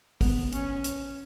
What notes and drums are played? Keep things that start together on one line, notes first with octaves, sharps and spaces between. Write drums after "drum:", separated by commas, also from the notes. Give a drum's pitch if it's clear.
B3, drum: kick, open hi-hat
C#4, drum: hi-hat
drum: hi-hat